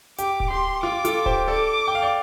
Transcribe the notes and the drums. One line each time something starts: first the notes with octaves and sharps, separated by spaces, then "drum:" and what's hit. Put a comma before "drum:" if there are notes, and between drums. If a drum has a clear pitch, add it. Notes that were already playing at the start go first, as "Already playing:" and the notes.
G4 D6, drum: hi-hat
drum: kick D1
G4 C6
F4 D6
F4 A4, drum: hi-hat
G4 C5, drum: kick D1
A4 D5 D6
G5
F5
D5 G5